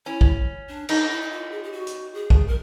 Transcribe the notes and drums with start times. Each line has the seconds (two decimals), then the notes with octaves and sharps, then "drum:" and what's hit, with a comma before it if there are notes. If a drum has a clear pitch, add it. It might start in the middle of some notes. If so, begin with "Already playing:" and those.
0.06 C#4 E4
0.21 drum: kick
0.69 D4
0.89 D4 D#4, drum: cymbal
1.10 E4
1.22 E4
1.31 F4
1.51 G#4
1.63 G4
1.72 F#4
1.87 drum: hi-hat
2.14 G#4
2.30 drum: kick
2.48 A#4